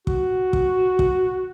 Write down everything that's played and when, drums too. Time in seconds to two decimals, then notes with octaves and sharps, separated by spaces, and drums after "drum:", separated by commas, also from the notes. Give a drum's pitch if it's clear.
0.07 F#4, drum: kick
0.53 drum: kick
0.99 drum: kick